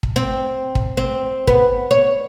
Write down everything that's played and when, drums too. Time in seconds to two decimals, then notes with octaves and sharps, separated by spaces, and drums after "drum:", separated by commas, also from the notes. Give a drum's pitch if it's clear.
0.03 drum: kick
0.16 C4
0.75 drum: kick
0.97 C4
1.47 B3, drum: kick
1.91 C#5